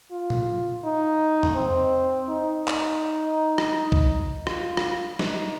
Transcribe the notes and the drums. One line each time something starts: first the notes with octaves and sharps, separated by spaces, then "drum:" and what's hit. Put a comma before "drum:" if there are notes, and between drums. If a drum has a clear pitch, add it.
F4
drum: tom A#2
D#4
drum: tom E2
C4
D#4
drum: clap
drum: rim click
drum: kick B1
F4, drum: rim click
drum: rim click
D#4, drum: snare